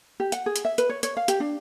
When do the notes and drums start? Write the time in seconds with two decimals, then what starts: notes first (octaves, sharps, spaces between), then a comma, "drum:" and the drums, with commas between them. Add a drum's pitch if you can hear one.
0.20 G4
0.32 F#5, drum: hi-hat
0.46 G#4
0.56 drum: hi-hat
0.65 E5
0.78 B4, drum: hi-hat
0.89 C#5
1.03 C#5, drum: hi-hat
1.17 F5
1.28 G4, drum: hi-hat
1.40 D4